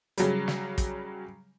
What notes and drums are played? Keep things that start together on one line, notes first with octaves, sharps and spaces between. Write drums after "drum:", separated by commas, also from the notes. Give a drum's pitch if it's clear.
C#3 F#3 G3, drum: hi-hat
drum: snare
drum: kick, hi-hat